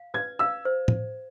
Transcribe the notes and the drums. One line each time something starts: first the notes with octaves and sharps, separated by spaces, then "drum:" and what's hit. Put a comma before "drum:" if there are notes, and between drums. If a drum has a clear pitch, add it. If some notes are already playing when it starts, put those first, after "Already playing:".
Already playing: F5
B4 G#6
F5 E6
C5
drum: tom